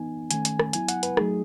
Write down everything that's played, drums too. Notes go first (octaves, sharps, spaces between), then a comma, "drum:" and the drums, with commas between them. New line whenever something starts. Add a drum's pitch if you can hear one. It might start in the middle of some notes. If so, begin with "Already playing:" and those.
Already playing: E3 B3 D#4 G#5
D#3 A3 C#4 G#5, drum: hi-hat
drum: hi-hat
drum: rim click
F#3 B3 E4 G#5, drum: hi-hat
F#5, drum: hi-hat
B4, drum: hi-hat
F#3 A3 D#4 G#4, drum: rim click